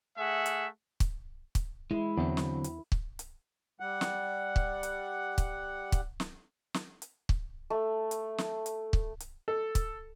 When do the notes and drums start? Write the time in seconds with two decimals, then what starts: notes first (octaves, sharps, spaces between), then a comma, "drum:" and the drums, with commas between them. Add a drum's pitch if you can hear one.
0.17 A3 G#4 E5 F#5
0.46 drum: hi-hat
1.00 drum: kick, hi-hat
1.55 drum: kick, hi-hat
1.91 G#3 E4
2.17 E2 D3 F#3 C4
2.37 drum: snare
2.64 drum: hi-hat
2.92 drum: kick
3.19 drum: hi-hat
3.80 G3 F#5
4.01 drum: snare
4.56 drum: kick
4.83 drum: hi-hat
5.38 drum: kick, hi-hat
5.92 drum: kick, hi-hat
6.20 drum: snare
6.74 drum: snare
7.02 drum: hi-hat
7.29 drum: kick
7.70 A3
8.11 drum: hi-hat
8.38 drum: snare
8.66 drum: hi-hat
8.93 drum: kick
9.20 drum: hi-hat
9.48 A4
9.75 drum: kick, hi-hat